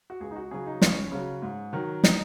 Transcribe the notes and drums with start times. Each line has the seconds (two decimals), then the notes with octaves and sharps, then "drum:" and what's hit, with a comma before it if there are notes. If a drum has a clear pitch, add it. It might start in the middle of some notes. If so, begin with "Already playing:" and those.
0.10 F#4
0.20 C#2 G#4
0.31 D#4
0.36 F#4
0.51 C#3 F#3 G#4
0.66 D#4
0.82 C#2 C#4, drum: snare
1.12 C#3 F#3
1.42 G#2
1.73 D#3 F#3
2.04 D#4, drum: snare